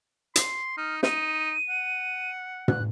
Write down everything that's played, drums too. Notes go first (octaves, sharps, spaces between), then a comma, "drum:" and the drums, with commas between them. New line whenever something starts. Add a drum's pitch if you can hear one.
C6, drum: hi-hat
D#4 F6
D#4 D#7, drum: snare
F#5
F#6, drum: tom